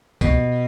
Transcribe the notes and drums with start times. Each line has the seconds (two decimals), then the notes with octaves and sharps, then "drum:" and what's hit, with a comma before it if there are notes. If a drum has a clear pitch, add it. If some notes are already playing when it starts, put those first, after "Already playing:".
0.21 B2, drum: kick, tambourine